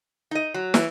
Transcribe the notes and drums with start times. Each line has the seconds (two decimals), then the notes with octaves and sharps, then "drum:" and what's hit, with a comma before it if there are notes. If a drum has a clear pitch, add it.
0.31 D#4 D#5
0.54 F#3
0.74 E3, drum: snare